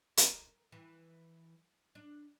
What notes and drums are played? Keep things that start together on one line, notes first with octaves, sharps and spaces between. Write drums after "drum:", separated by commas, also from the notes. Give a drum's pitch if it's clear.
A#4, drum: hi-hat
E3
D4